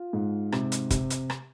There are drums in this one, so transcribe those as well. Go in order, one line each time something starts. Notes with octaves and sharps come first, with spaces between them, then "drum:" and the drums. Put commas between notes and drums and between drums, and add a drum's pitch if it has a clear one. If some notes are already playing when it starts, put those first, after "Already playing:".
Already playing: F4
G#2
C3, drum: rim click
drum: hi-hat
C3, drum: kick, hi-hat
drum: hi-hat
drum: rim click